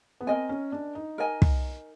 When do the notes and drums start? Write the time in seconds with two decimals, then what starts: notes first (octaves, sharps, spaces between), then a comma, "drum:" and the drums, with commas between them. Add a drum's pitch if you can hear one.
0.21 B3
0.27 C4 A#4 D#5 G#5
0.49 C#4
0.72 D4
0.95 D#4
1.18 A#4 D#5 G#5
1.42 drum: kick